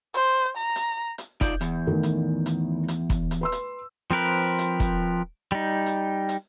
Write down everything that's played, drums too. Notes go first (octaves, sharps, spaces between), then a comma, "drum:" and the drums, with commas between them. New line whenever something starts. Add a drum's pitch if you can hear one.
C5
A#5
drum: hi-hat
drum: hi-hat
D#4 F4 D5 G6, drum: kick, hi-hat
E2, drum: hi-hat
A2 D#3 A3
drum: hi-hat
drum: hi-hat
drum: hi-hat
drum: kick, hi-hat
drum: hi-hat
B4 C6 E6
drum: hi-hat
F3 C4 A#4 B4
drum: hi-hat
drum: kick, hi-hat
G3 D#4
drum: hi-hat
drum: hi-hat